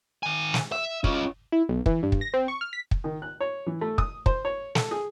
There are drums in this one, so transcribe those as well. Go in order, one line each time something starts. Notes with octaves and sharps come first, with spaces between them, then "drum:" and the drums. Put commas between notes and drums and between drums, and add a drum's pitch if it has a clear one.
D#3 G#5
drum: snare
E5
C#4 F4, drum: kick
E4
B1
E3, drum: kick
G2
drum: kick
A#6
C4
C#6
F6
B6
drum: kick
D#3
F#6
C#5
E3
A3
D#6, drum: kick
C5, drum: kick
C#5
A4, drum: snare
G#4